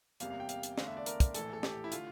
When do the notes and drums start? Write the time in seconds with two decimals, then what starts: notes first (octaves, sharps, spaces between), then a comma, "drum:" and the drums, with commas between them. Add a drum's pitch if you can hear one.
0.20 E2 C3 G3 A#3 F5, drum: hi-hat
0.30 F5
0.40 G5
0.49 F5, drum: hi-hat
0.63 drum: hi-hat
0.78 E2 D3 A3 F5, drum: snare
0.87 E5
0.97 D5
1.06 A#4, drum: hi-hat
1.20 drum: kick, hi-hat
1.34 A#1 A2 E3 A4, drum: hi-hat
1.53 A4
1.63 G4, drum: snare
1.84 E4
1.92 D3 A3 F4, drum: hi-hat